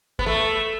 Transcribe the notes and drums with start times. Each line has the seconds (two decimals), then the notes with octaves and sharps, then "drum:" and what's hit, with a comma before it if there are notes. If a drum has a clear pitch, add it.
0.19 B3, drum: kick
0.26 A3